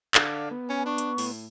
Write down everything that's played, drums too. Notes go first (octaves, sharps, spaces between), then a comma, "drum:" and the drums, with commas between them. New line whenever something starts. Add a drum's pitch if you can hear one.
D3 D5 F5, drum: clap
B3
C#4 G#5
D4 C#6
drum: hi-hat
A2, drum: open hi-hat